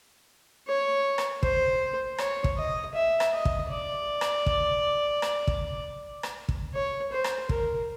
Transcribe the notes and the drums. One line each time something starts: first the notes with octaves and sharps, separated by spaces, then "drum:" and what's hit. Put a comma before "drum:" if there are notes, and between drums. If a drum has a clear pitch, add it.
C#5
drum: rim click
C5, drum: kick
C#5, drum: rim click
drum: kick
D#5
E5
drum: rim click
D#5
drum: kick
D5
drum: rim click
drum: kick
drum: rim click
drum: kick
drum: rim click
drum: kick
C#5
C5
drum: rim click
A#4, drum: kick